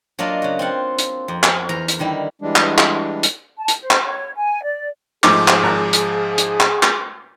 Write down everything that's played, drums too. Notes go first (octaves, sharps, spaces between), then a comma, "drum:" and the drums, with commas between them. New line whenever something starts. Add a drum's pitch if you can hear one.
F#3 A#3 D4 F4 D5 D#5
C#3 F#4
C4 F4 F#5
drum: hi-hat
F2
drum: clap
E2 A#4 A#5
drum: hi-hat
D3 D#3 G3 E4
E3 G3 G#3 D4
drum: clap
drum: clap
drum: hi-hat
A5
drum: hi-hat
C5
drum: clap
C#5
G#5
D5
G#2 F3 A3 D#4 G#4 D6, drum: clap
drum: clap
G#1 A#5 F#6
drum: hi-hat
drum: hi-hat
drum: clap
drum: clap